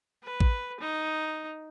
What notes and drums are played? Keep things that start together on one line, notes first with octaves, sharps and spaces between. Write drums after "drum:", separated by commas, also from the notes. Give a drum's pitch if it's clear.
B4
drum: kick
D#4